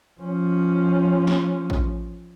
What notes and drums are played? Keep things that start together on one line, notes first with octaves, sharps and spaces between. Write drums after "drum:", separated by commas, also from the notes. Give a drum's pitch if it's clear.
F3 C#4
drum: snare
drum: kick A1